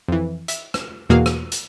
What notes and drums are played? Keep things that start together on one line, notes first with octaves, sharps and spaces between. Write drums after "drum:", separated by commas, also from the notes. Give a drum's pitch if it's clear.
F2 E3
E5, drum: hi-hat
drum: rim click
E2 B2 A#3 F#4 G#4 F5
drum: rim click
drum: hi-hat